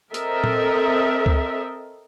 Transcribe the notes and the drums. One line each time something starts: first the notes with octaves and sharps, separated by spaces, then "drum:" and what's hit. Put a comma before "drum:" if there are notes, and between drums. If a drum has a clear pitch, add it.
C4 A4 A#4 D#5 E5, drum: hi-hat
drum: tom A#2
drum: kick C#2